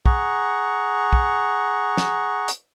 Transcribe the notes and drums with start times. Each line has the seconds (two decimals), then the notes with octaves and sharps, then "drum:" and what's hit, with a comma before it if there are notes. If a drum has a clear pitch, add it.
0.06 G#4 F#5 A#5 C#6, drum: kick
1.13 drum: kick
1.97 drum: snare
2.48 drum: hi-hat